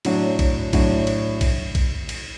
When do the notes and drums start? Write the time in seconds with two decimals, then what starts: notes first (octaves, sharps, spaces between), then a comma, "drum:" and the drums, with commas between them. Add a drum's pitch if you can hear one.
0.05 A2 F#3 D4, drum: cymbal
0.39 drum: kick A#1, cymbal
0.73 A2 F#3 D4, drum: kick A#1, cymbal
1.07 drum: cymbal
1.41 drum: kick A#1, cymbal
1.75 drum: kick A#1, cymbal
2.09 drum: cymbal